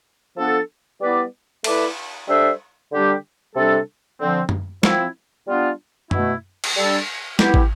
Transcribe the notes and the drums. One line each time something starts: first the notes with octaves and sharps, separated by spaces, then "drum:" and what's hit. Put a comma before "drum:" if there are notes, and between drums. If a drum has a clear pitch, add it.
F3 B3 D4 A4
G3 B3 E4 B4 D5
A3 E4 B4 D5, drum: cymbal
G3 D4 A4 C5 E5
D3 G3 D4 G4
C3 G3 D4 A4
D3 F3 C4
drum: tom F#2
F3 C4 E4, drum: snare
G3 B3 D4 F4
B2 A3 E4, drum: tom F#2
drum: cymbal
G3 D4 A4
B3 E4 G4, drum: snare
drum: kick